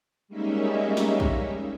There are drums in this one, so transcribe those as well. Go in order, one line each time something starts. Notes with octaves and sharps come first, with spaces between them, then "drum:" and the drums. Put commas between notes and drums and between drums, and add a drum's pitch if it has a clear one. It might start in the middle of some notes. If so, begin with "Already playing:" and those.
G3 G#3 A#3 C#4 D#4 E5
drum: snare
drum: kick A#1